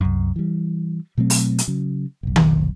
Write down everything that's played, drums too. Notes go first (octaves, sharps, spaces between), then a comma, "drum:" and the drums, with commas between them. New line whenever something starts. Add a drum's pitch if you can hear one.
C2 F#2
E3 G3
B2 F#3 A3 C4
drum: open hi-hat
drum: hi-hat
C#3 F#3
F1 B1
drum: tom D#3